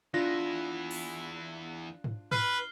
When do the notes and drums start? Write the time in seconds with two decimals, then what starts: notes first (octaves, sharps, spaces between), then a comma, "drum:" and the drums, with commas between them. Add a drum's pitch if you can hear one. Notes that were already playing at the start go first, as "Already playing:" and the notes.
0.14 E2 D4 E4 F4 A#6
0.91 drum: open hi-hat
2.04 drum: tom G#2
2.32 B4 F6 C7, drum: tom G#2